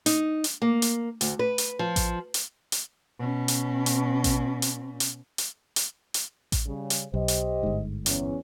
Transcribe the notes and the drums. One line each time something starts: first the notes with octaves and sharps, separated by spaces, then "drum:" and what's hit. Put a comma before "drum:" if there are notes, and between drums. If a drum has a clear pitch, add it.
D#4, drum: hi-hat
drum: hi-hat
A#3
drum: hi-hat
D2, drum: hi-hat
B4
drum: hi-hat
F3
drum: kick A1, hi-hat
drum: hi-hat
drum: hi-hat
B2 C#4
drum: hi-hat
drum: hi-hat
drum: kick A1, hi-hat
drum: hi-hat
drum: hi-hat
drum: hi-hat
drum: hi-hat
drum: hi-hat
drum: kick A1, hi-hat
C#3 G3
drum: hi-hat
B1 G4 C5 D#5
drum: hi-hat
G1 G#2
E2 C#4, drum: hi-hat